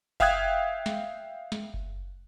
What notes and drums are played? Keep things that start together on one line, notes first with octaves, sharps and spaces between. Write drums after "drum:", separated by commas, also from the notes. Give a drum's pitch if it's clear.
E5 F5 G5 D#6 F#6 G#6, drum: kick F#1
drum: snare
drum: snare
drum: kick F#1